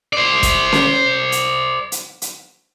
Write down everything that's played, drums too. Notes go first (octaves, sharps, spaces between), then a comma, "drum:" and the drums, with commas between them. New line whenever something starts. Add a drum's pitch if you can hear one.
C5 D5
drum: kick, hi-hat
drum: snare C#4
drum: hi-hat
drum: hi-hat
drum: hi-hat